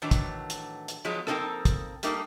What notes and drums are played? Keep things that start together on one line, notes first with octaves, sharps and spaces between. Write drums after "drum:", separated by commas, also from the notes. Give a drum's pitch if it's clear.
A2 D#3 E3 F#3 D4
drum: kick, hi-hat
drum: hi-hat
drum: hi-hat
F3 F#3 G#3 B3
F2 A#3 C4 D#4 F#4 A4, drum: rim click
drum: kick, hi-hat
G3 A3 A#3 D#4, drum: hi-hat